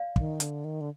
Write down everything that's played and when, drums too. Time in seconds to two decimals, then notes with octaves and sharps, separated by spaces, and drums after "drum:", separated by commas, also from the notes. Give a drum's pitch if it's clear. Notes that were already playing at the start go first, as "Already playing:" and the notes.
Already playing: D5 F5
0.16 D#3, drum: kick
0.40 D3, drum: hi-hat
0.64 D#3
0.81 D3